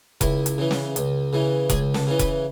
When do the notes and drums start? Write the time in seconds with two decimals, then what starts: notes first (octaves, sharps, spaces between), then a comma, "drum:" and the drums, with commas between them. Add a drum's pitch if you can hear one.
0.21 C#2 E4, drum: kick E1, hi-hat
0.46 drum: hi-hat
0.58 C#3 E3
0.71 drum: snare
0.96 C#2, drum: hi-hat
1.33 C#3 E3
1.70 C#2 G#4, drum: kick E1, hi-hat
1.94 A4, drum: snare
2.07 C#3 E3
2.19 B4, drum: kick E1, hi-hat